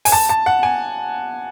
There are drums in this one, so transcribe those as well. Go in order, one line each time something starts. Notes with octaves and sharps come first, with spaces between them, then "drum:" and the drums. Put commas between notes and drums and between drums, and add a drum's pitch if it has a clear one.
G#5, drum: open hi-hat
A5
A5
F#5
G#5